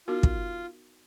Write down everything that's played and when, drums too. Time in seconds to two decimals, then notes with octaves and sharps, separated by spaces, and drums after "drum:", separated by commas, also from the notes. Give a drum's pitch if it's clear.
0.08 B3 D#4 F4 F#4 A#4
0.23 drum: kick